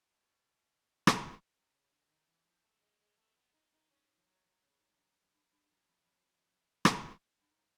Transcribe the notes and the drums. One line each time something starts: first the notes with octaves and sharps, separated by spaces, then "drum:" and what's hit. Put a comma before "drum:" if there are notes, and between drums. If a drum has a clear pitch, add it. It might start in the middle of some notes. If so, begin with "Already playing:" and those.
B2
drum: rim click
C3
C#3
D3
D#3
E3
F3
A3
G#3
G#3
A3
B3
D#4
D#4
C#4
F3
F#3
F#3
C#3
G#2
F#2
F#2
G2
F#2
G2
F#2
F2
F2
drum: rim click
G2
G#2